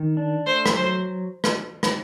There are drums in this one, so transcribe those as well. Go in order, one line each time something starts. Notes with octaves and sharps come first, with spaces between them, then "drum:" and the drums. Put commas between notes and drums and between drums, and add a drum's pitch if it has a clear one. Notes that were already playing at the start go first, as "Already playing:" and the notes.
Already playing: D#3
D4
A3 C5
drum: rim click
F#3 C5
drum: rim click
drum: rim click